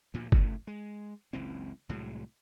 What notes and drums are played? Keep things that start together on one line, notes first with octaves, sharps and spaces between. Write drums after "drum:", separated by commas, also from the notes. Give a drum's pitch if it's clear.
D2 A#2 F3
A2 C#3 A3, drum: kick
G#3
F#1 C#2 E3 C4
C2 A2 F#3 G#3